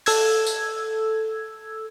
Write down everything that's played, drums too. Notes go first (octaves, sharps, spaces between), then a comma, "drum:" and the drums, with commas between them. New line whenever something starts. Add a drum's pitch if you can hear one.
A4 E6 G#6, drum: open hi-hat
drum: tambourine